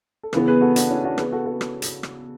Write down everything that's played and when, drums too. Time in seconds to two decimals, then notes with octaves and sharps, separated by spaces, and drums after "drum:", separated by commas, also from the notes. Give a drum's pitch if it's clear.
0.23 A4
0.33 C#3 E3 B3 G#4 B4, drum: rim click
0.48 G#4 B4
0.61 F#4 A4
0.76 D4 F#4, drum: hi-hat
0.90 C#4 E4
1.04 D4 F#4
1.18 G#4 B4, drum: rim click
1.32 F#4 A4
1.46 F#4 A4
1.61 drum: rim click
1.82 drum: hi-hat
2.03 drum: rim click